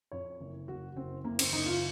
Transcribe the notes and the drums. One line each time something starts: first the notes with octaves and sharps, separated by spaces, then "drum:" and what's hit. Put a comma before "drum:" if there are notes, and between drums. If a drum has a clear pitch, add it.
F2 C#5
F#1
F#1 F#4
F#1 C4
F#1 A#3
C4, drum: cymbal
F#1 D#4
F4